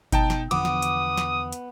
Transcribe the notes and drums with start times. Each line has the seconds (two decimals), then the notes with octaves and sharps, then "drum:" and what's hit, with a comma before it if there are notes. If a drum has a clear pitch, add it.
0.12 B2 D#4 G5 A5, drum: kick G1, hi-hat
0.30 drum: snare
0.51 E2 D3 F3 B3 D6 D#6
0.65 drum: snare
0.82 drum: hi-hat
1.17 drum: snare
1.52 drum: hi-hat